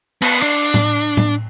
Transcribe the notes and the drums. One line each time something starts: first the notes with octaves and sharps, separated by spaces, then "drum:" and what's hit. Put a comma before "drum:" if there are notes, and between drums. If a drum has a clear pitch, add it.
B3, drum: cymbal
D4
drum: tom A2
drum: tom A2